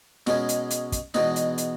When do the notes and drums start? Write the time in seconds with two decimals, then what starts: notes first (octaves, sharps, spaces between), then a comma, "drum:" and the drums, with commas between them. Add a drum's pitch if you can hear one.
0.27 B2 G#3 C#4, drum: snare
0.49 drum: hi-hat
0.70 drum: hi-hat
0.92 drum: kick, hi-hat
1.14 E2 B2 G#3 B3 D#4, drum: snare
1.36 drum: hi-hat
1.58 drum: hi-hat